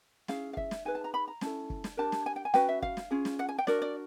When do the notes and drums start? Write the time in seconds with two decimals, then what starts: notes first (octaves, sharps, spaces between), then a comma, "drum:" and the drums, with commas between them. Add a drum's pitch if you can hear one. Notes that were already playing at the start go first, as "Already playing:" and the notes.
0.28 C#4 E4 G#4 F5, drum: snare
0.53 F5
0.57 E5, drum: kick
0.71 drum: snare
0.85 D#4 G#4 B4 G#5
0.95 A5
1.04 A#5
1.14 B5
1.28 A#5
1.41 C#4 E4 A4 A5, drum: snare
1.70 drum: kick
1.84 drum: snare
1.97 D4 G4 A#4 A5
2.12 drum: snare
2.26 G#5
2.36 G5
2.45 G#5
2.54 C#4 F#4 B4 G5, drum: snare
2.69 E5
2.82 F5, drum: kick
2.97 drum: snare
3.11 C#4 F4 G#4
3.25 drum: snare
3.39 F#5
3.49 G#5
3.58 G5
3.67 D4 F#4 A#4 D5, drum: snare
3.82 D5